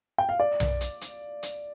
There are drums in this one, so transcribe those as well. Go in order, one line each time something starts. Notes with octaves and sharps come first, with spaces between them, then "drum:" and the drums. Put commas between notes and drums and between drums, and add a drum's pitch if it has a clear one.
G5
F5
D5
drum: tom B1
drum: hi-hat
drum: hi-hat
drum: hi-hat